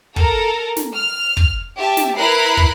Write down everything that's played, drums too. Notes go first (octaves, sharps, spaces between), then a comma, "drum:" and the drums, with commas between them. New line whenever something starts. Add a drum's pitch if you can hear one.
A4 A#4, drum: kick
drum: snare
F6
drum: kick
G4 E5 A5
drum: snare
E4 A#4 B4 B5 F#6 C7
drum: kick